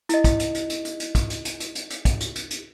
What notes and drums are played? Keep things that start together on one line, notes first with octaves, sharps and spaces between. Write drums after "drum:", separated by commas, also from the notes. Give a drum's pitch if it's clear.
E4 D#5, drum: hi-hat
drum: kick, hi-hat
drum: hi-hat
drum: hi-hat
drum: hi-hat
drum: hi-hat
drum: hi-hat
drum: kick, hi-hat
drum: hi-hat
drum: hi-hat
drum: hi-hat
drum: hi-hat
drum: hi-hat
drum: kick, hi-hat
drum: hi-hat
drum: hi-hat
drum: hi-hat